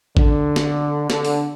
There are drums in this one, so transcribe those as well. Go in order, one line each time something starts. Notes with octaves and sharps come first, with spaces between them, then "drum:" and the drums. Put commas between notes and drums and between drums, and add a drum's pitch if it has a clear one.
D3, drum: kick A1
drum: snare
D3, drum: snare
drum: open hi-hat